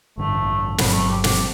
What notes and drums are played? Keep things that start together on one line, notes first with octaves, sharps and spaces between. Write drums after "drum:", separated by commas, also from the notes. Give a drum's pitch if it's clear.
A1 G2 D3 A3
G1 G2 F#3 B3, drum: snare
G3
A3
G4
G4, drum: snare